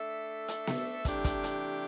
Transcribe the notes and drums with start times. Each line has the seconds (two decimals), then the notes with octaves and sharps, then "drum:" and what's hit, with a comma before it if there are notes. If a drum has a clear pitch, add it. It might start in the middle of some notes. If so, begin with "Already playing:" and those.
Already playing: A3 D4 A4 E5
0.48 drum: hi-hat
0.67 drum: snare B3
1.05 C3 E3 A3 D4 G4, drum: kick, hi-hat
1.24 drum: kick, hi-hat
1.43 drum: hi-hat